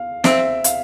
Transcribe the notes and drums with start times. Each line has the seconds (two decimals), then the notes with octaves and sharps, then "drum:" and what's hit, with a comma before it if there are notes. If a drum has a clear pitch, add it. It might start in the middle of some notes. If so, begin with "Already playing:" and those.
Already playing: F5
0.24 C4 E5, drum: snare
0.64 F5, drum: hi-hat